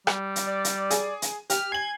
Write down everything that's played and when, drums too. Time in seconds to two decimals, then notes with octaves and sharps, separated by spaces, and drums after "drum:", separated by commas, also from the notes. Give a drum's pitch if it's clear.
0.07 G3, drum: rim click
0.36 drum: hi-hat
0.47 D5
0.64 drum: hi-hat
0.90 G#4, drum: hi-hat
1.22 drum: hi-hat
1.50 G4 F6, drum: hi-hat
1.72 G#5 G#6 C7 F#7